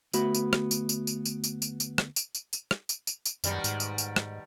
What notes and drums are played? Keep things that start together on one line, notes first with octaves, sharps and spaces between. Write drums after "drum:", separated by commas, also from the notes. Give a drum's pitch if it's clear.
D2 A3 B3 F#4 B5, drum: tambourine
drum: tambourine
drum: rim click
drum: tambourine
drum: tambourine
drum: tambourine
drum: tambourine
drum: tambourine
drum: tambourine
drum: tambourine
drum: rim click
drum: tambourine
drum: tambourine
drum: tambourine
drum: rim click
drum: tambourine
drum: tambourine
drum: tambourine
F#2 B2 D#3 G3, drum: tambourine
G#2, drum: tambourine
drum: tambourine
drum: tambourine
drum: rim click